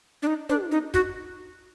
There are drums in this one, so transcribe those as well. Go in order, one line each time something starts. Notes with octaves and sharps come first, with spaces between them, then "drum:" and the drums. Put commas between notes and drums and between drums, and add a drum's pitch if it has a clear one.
D4
D#4
D4, drum: tom
D#4
F#4, drum: kick